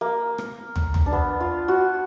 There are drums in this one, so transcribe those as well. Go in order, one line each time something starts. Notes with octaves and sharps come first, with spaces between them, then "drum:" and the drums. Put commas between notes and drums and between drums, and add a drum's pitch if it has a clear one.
A#3
drum: rim click
drum: tom
drum: tom
D4
B3
F4
F#4